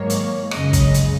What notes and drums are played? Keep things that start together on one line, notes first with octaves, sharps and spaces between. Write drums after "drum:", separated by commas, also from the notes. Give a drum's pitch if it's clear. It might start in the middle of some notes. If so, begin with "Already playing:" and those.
Already playing: G#2 D#3 F#3 A#3 C#5
drum: hi-hat
F#2 C#3 G#3 D#5, drum: rim click
drum: kick, hi-hat
drum: hi-hat